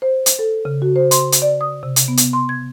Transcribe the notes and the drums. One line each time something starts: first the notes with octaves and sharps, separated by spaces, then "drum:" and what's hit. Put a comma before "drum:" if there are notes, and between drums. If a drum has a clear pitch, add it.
C5
drum: hi-hat
A4
C#3
F#4
C5
C6, drum: hi-hat
drum: hi-hat
D5
D#6
C3
drum: hi-hat
B3
drum: hi-hat
C6
G#6